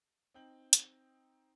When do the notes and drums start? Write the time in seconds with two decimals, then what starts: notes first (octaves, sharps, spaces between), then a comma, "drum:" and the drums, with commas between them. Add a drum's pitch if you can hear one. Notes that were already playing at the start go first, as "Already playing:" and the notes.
0.34 C4 D#4 G5 G6 F#7
0.73 drum: hi-hat